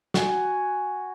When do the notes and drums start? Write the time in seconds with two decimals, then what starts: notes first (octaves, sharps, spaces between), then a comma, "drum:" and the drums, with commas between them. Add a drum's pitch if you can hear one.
0.14 F#4 G#5, drum: snare